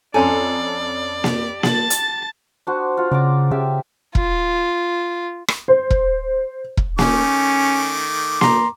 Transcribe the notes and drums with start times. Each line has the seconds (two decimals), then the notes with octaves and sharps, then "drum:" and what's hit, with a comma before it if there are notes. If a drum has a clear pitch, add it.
0.14 F2 C#4 A4 D5 G#5 A#5 C6
1.24 G4, drum: snare A#3
1.63 A5 A6 F#7, drum: snare A#3
1.90 drum: hi-hat
2.67 D4 F#4 C5
2.97 F4 F#5
3.11 C#3 D5 A#5 D6
3.51 C#3 G4 E5 F5
4.15 F4, drum: kick E1
5.48 drum: rim click
5.68 C5
5.90 drum: kick E1
6.77 drum: kick E1
6.99 D#3 A3 C#4 D6, drum: snare A#3
8.41 A#5 C6, drum: snare A#3